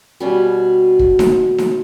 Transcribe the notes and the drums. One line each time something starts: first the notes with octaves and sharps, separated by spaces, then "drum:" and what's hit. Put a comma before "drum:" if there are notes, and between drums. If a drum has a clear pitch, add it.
B2 G3 C#4
drum: kick
drum: snare D#4
drum: snare D#4